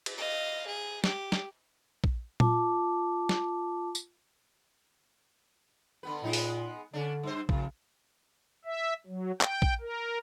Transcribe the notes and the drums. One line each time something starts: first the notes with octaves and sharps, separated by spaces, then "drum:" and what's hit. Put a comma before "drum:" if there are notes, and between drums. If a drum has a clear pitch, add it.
drum: cymbal
D#5 F5
G#4
G4, drum: snare
drum: snare
drum: kick A#1
F4 A5 D6, drum: tom A#2
drum: snare
drum: tambourine
D3 B3 B4
A#2 G#3 B3 D#4
drum: open hi-hat
D3 C#4 D4
G2 C5
F2 C#3, drum: kick A#1
E5
F#3
G5, drum: clap
drum: kick A#1
A#4